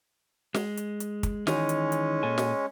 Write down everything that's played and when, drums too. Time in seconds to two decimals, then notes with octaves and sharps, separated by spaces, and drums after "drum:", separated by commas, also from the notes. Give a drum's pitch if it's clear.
0.54 G#3, drum: snare
0.77 drum: hi-hat
1.00 drum: hi-hat
1.23 drum: kick, hi-hat
1.47 D#3 E3 G#3 C#4 D#4, drum: snare
1.69 drum: hi-hat
1.92 drum: hi-hat
2.23 A#2 A4 G#5
2.38 drum: snare